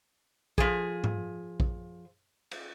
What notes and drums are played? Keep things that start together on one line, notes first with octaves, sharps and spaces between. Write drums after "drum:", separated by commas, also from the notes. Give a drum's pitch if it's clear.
F3 G#4, drum: kick A#1
drum: tom G#2
drum: kick A#1
drum: cymbal